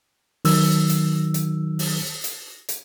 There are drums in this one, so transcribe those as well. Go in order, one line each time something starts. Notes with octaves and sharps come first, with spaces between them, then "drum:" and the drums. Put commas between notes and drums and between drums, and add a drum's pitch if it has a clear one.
D#3 F#3 E6, drum: open hi-hat
drum: hi-hat
drum: hi-hat
drum: open hi-hat
drum: hi-hat
drum: hi-hat